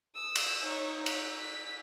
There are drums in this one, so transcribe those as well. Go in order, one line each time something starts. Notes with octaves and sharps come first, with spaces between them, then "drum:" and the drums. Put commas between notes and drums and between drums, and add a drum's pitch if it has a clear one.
D#6 E6
drum: cymbal
D#4 C#5
B6, drum: cymbal
B6